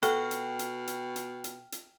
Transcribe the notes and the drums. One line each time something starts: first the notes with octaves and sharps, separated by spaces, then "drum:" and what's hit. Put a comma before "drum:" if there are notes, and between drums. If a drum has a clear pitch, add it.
B2 F#4 A4 G5 F6, drum: hi-hat
drum: hi-hat
drum: hi-hat
drum: hi-hat
drum: hi-hat
drum: hi-hat
drum: hi-hat